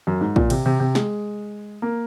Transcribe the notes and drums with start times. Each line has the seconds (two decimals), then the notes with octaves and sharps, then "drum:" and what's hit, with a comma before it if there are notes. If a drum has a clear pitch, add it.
0.07 F#2
0.21 G#2
0.36 A#2, drum: kick
0.50 C3, drum: cymbal
0.66 C3
0.80 C3
0.95 G#3, drum: snare
1.82 A#3